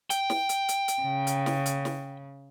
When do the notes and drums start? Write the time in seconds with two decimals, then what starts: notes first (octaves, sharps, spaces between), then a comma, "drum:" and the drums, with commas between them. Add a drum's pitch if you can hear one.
0.10 G5, drum: hi-hat
0.30 drum: snare
0.49 drum: hi-hat
0.69 drum: hi-hat
0.88 drum: hi-hat
1.02 C#3
1.27 drum: hi-hat
1.46 drum: snare
1.66 drum: hi-hat
1.85 drum: snare